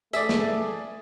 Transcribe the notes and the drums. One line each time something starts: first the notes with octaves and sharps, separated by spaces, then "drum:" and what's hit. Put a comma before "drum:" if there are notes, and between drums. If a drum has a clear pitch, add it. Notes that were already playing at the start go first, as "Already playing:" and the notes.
A3 G#4 D5 E5, drum: tambourine
drum: snare